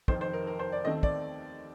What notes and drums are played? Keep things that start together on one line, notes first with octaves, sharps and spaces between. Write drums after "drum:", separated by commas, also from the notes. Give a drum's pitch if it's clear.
F1 F2 D#3 C5, drum: kick
C5
A#4
A#4
C5
D5
D#2 D#3 A3 C4 D#5
D5, drum: kick